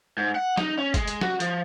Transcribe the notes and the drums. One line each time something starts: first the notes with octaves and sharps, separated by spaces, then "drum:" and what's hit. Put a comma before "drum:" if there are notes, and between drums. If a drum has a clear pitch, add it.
G#2
F#5
D#4, drum: snare
C#4
G#3, drum: kick, hi-hat
drum: hi-hat
F#4, drum: snare
F3, drum: hi-hat